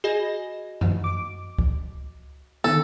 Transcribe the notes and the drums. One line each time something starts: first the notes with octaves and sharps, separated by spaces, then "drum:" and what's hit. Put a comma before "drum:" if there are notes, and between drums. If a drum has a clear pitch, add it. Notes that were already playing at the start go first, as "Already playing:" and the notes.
F#4 G#4 D#5 A#6
drum: tom F#2
D6
drum: kick C#2
D3 D#3 B3 A4